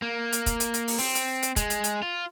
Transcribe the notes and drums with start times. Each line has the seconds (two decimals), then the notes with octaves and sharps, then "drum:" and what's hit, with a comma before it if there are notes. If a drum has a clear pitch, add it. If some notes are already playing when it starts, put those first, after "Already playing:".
0.02 A#3
0.33 drum: hi-hat
0.46 drum: kick, hi-hat
0.60 drum: hi-hat
0.74 drum: hi-hat
0.88 drum: open hi-hat
0.99 C4, drum: open hi-hat
1.15 drum: hi-hat
1.43 drum: hi-hat
1.56 G#3, drum: kick, hi-hat
1.70 drum: hi-hat
1.84 drum: hi-hat
2.03 F4